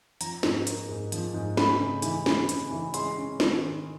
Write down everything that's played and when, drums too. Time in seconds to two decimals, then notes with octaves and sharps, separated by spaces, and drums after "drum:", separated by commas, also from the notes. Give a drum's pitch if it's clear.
0.21 F3 A#5, drum: hi-hat
0.43 G#2, drum: snare
0.67 A#3, drum: hi-hat
0.89 G#2
1.12 F3, drum: hi-hat
1.34 G#2
1.57 A3 B5, drum: snare
1.80 C#3
2.02 E3, drum: hi-hat
2.26 C#3, drum: snare
2.49 C#3, drum: hi-hat
2.71 E3
2.94 G#3 C6, drum: hi-hat
3.17 C#4
3.40 D#3, drum: snare
3.63 D#3